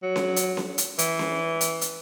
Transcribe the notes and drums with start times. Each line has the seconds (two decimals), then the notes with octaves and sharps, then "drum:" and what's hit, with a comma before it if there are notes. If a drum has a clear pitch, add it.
0.03 F#3
0.16 drum: snare C#4
0.36 drum: hi-hat
0.57 drum: snare C#4
0.78 drum: hi-hat
0.98 E3, drum: hi-hat
1.19 drum: snare C#4
1.61 drum: hi-hat
1.81 drum: hi-hat